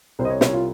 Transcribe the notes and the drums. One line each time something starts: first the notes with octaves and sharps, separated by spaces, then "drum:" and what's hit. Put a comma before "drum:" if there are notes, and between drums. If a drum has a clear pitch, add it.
C2 C5
D#5
C#5
C2 C#5, drum: snare
F4